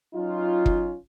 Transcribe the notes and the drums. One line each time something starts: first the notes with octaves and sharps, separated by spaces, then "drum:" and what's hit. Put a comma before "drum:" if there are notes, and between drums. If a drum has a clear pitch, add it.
F#3 C#4 D#4 F4
drum: kick